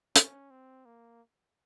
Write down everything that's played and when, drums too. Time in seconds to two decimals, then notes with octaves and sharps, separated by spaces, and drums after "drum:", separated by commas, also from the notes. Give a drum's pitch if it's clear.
0.16 C#4, drum: hi-hat
0.51 C4
0.85 A#3